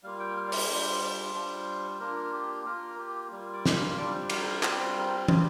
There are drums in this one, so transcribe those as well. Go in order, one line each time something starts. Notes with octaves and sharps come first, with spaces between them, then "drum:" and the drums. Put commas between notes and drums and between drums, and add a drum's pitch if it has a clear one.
G3 A#3 F4 F5
G5
F5
D5
C5, drum: open hi-hat
G3 D4 F4 C5
G3 D4 F4
A#3 D4 F4 A#4
G4
A#3 F4 A#4
G4
G3 A#3 F4
D5
drum: snare
F5
G3 D4 F4 D5
C5
A#4, drum: cymbal
A#4
G3 C4 F4, drum: clap
A#4
C5
G3 D4 F4, drum: tom